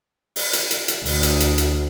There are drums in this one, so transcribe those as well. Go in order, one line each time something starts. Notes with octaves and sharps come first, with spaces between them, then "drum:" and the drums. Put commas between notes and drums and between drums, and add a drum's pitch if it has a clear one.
drum: open hi-hat
drum: hi-hat
drum: hi-hat
drum: hi-hat
D2, drum: open hi-hat
drum: hi-hat
drum: hi-hat
drum: hi-hat